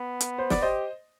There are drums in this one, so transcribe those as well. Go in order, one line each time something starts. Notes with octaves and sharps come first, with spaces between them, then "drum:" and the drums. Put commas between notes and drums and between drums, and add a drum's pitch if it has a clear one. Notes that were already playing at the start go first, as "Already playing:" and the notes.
Already playing: B3
drum: hi-hat
C5
D5, drum: snare
G4 C5 D#5